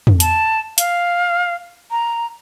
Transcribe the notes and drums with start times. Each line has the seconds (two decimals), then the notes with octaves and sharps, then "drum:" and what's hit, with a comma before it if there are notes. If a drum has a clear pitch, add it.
0.07 drum: tom
0.20 A5, drum: hi-hat
0.78 F5, drum: hi-hat
1.91 A#5